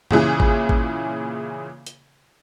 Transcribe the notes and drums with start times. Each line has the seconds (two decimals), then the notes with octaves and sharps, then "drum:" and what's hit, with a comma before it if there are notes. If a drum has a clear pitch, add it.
0.11 A#2 C#3 E3 G#4, drum: tom F#2
0.40 drum: kick G#1
0.69 drum: kick G#1
1.86 drum: hi-hat